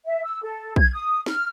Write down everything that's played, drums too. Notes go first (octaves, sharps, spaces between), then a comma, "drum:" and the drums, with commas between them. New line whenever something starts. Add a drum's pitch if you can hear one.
E5
E6
A4
G#6, drum: kick B1
D#6
F6, drum: snare